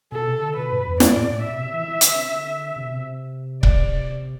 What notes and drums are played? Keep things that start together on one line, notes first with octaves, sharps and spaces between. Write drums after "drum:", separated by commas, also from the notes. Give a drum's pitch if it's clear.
B2 A4
C3
D3
B2 B4
G2
E2
F#2 D5, drum: snare
A2
B2
A2
B2 E5
C3
E3
E3
D3, drum: hi-hat
C3
D3
C3
B2
C3
D5, drum: kick C#1